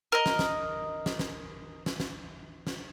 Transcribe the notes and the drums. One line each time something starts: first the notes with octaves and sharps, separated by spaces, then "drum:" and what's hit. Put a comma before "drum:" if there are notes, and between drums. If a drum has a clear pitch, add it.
A#4 D#5
drum: snare
drum: snare
drum: snare
drum: snare
drum: snare
drum: snare
drum: snare